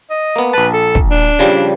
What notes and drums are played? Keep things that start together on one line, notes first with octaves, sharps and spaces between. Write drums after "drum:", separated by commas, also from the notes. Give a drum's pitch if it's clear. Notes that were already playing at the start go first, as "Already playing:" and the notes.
D#5
A#3 B3
A#1 B4 A5
A4
drum: kick
D4
C#3 F3 G3